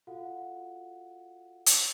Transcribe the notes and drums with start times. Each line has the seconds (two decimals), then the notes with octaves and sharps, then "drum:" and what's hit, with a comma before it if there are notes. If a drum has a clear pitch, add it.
0.07 F4 F#4 A4 F5 F#5
1.66 drum: hi-hat